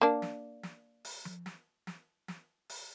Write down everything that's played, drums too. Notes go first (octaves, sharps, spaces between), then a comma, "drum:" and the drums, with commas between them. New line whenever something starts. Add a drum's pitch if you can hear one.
A#3 D4
drum: snare
drum: snare
drum: open hi-hat
drum: tom F3
drum: snare
drum: snare
drum: snare
drum: open hi-hat